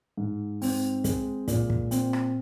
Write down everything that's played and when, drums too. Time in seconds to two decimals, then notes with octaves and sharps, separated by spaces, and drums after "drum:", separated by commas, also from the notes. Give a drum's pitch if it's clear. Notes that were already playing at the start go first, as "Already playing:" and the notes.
0.17 G#2
0.62 C4, drum: open hi-hat
1.04 G#3, drum: kick, hi-hat
1.48 A#2, drum: kick, hi-hat
1.70 drum: kick
1.91 C4, drum: hi-hat
2.13 drum: rim click